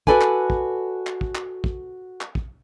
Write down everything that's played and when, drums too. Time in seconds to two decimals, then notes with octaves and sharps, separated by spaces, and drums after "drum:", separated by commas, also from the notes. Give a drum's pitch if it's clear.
0.07 F#4 G#4 A4 B4 D5 G#5, drum: kick
0.21 drum: clap
0.50 drum: kick
1.07 drum: clap
1.21 drum: kick
1.35 drum: clap
1.64 drum: kick
2.21 drum: clap
2.35 drum: kick